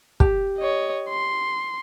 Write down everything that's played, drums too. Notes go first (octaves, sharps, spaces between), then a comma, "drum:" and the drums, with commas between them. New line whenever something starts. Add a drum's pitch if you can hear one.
G4, drum: kick
C#5 D#5
C6